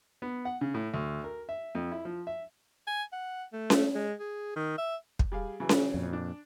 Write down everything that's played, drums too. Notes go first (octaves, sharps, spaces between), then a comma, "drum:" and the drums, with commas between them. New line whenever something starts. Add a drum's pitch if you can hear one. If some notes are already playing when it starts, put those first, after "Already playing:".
B3
F#5
C#3
A2
D2
A#4
E5
F2
E4
F3
E5
G#5
F#5
A3
drum: snare C#4
G#3
G#4
D#3
E5
drum: kick
G3 G#4 F5
C#3 E3 F#3
drum: snare C#4
F2 A#2
D4